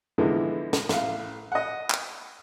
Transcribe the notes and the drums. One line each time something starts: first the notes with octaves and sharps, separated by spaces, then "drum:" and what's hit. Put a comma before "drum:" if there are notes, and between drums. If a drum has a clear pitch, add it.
E2 D3 E3 F3 G#3 B3
drum: snare
A1 F5, drum: snare
D#5 F#5
drum: clap